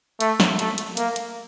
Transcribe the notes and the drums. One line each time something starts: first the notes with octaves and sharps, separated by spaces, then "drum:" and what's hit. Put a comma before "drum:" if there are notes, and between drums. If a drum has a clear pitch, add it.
A3, drum: hi-hat
drum: snare
A3, drum: hi-hat
drum: hi-hat
A#3, drum: hi-hat
drum: hi-hat